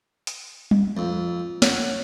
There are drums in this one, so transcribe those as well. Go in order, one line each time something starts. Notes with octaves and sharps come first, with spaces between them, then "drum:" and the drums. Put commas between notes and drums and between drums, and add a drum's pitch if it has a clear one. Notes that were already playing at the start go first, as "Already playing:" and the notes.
drum: hi-hat
drum: tom G3
F2
C#5 F#5 A#5, drum: snare